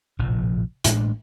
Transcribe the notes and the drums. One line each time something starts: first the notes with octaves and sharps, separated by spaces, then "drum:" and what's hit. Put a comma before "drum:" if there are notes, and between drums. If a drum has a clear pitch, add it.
F1 A#1 A2 F3
A1 A2 G#3 D4, drum: hi-hat